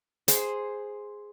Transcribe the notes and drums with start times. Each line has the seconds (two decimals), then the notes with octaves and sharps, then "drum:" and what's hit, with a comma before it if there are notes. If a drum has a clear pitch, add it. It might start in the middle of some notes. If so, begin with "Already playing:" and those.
0.28 G#4 C5, drum: hi-hat